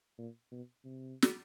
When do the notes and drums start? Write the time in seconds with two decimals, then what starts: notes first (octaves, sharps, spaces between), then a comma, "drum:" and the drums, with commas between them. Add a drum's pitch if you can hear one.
0.18 A#2
0.51 B2
0.84 C3
1.22 drum: snare